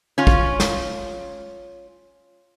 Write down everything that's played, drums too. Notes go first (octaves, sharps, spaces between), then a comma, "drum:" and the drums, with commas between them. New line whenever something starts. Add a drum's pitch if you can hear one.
C#4 F4
drum: kick
drum: snare